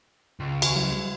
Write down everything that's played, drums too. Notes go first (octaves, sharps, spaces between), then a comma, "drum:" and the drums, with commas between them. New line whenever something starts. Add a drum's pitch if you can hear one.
C#2
D#2 G#5 C#6, drum: cymbal
F#3 E4
G3